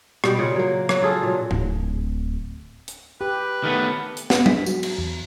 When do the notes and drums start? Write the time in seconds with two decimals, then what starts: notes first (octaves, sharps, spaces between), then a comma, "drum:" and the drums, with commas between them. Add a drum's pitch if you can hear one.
0.24 B2 G3 G4 G5, drum: rim click
0.39 A#2 C#3 G4 F#5
0.56 F#3 A#3
0.89 F#3 F#4, drum: rim click
1.02 F4 G#4 A4
1.23 A#2 F#3
1.51 D1, drum: tom G#2
2.88 drum: hi-hat
3.21 G4 B4
3.63 D#3 A3 B3
4.17 drum: hi-hat
4.30 B3, drum: snare
4.46 B6, drum: tom F#3
4.66 F#4, drum: tambourine
4.83 drum: cymbal
4.98 E2